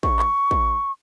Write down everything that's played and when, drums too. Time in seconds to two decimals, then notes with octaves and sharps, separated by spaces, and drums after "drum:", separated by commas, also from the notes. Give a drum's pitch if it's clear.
0.03 C#6, drum: kick
0.19 drum: clap
0.51 drum: kick